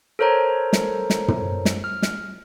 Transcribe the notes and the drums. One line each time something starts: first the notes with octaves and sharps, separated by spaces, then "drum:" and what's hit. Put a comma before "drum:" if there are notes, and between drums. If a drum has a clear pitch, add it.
A4 A#4 C5 C#5 A#5
drum: snare
drum: snare
drum: tom
drum: snare
F6
drum: snare